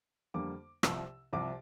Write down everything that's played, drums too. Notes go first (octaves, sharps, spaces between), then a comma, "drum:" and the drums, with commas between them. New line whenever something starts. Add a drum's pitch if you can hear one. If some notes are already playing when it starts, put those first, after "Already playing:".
F2 D3 G3 A#3 D6
C2 C3 F3 E6, drum: rim click
C2 C3 F3 D6